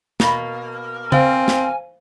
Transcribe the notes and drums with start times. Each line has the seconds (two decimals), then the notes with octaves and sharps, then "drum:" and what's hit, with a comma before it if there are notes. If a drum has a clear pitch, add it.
0.20 B2 A#3, drum: snare
1.12 C4 C5 F5 G#5, drum: tom C#3
1.48 drum: snare